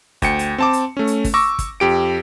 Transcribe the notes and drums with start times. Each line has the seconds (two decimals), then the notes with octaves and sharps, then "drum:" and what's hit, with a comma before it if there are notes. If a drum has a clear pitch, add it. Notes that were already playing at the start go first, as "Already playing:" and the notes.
0.22 D2 G5 C#7, drum: kick, hi-hat
0.39 drum: hi-hat
0.58 C4 A5 D6
0.73 drum: hi-hat
0.97 A3 C#4
1.07 drum: hi-hat
1.24 drum: kick, open hi-hat
1.34 C#6 D6 E6 A#6
1.59 drum: kick, hi-hat
1.80 F2 G4 D7